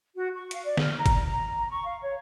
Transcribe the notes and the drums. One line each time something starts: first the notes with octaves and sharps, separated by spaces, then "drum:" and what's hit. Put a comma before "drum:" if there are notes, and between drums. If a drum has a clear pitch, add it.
F#4
C#6
F5, drum: hi-hat
D5
F6, drum: snare
A#5
drum: kick G1, hi-hat
A#5
C#6
F5
C#5